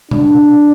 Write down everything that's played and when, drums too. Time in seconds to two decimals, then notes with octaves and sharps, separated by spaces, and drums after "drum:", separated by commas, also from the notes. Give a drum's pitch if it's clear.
0.11 D4, drum: tom B2